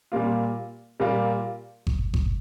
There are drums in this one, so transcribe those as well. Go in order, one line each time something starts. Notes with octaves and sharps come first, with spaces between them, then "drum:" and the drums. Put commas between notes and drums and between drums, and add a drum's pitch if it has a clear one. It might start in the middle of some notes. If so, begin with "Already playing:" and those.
A#2 G3 A#3 F4
A#2 G3 A#3 F4
drum: kick G1
drum: kick G1